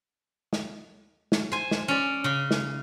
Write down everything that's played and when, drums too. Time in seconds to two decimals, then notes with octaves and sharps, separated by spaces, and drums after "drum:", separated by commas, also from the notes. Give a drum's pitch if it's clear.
0.53 drum: snare
1.32 drum: snare
1.52 C5 G#5
1.71 drum: snare
1.88 C#4 D5
2.24 C#3
2.51 drum: snare